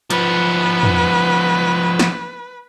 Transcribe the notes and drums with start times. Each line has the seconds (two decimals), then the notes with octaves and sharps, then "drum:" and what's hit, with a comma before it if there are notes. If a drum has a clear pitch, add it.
0.10 F3 B3 B4, drum: hi-hat
0.83 drum: tom
1.99 drum: snare